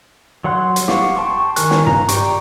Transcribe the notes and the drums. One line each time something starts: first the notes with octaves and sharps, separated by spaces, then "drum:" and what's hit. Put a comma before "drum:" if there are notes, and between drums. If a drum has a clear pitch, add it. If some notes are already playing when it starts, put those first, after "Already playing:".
F#3 C#5 F#5 C6 F#6
drum: hi-hat
G4 F5 F#5 C#6, drum: snare
G5 A5 C6 C#6
D#3 A#4 G#5 C#6 F#6, drum: hi-hat
drum: snare
A#5, drum: tom
G4 D5 G5 A#5 C#6, drum: hi-hat